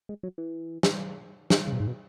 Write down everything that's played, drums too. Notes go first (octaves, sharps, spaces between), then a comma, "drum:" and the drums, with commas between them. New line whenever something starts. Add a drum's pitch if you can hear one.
G#3
F#3
E3
drum: snare
drum: snare
C#3
B2
G#2
B2